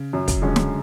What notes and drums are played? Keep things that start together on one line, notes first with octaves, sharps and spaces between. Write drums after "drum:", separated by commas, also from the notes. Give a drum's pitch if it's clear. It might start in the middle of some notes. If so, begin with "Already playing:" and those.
Already playing: C#3
F#2
drum: kick, hi-hat
D3 G#3 C#4
drum: snare